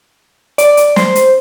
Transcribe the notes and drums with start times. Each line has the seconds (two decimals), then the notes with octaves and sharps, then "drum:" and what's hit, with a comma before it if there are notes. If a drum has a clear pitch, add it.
0.58 D5, drum: hi-hat
0.77 drum: hi-hat
0.96 C5, drum: snare
1.15 drum: hi-hat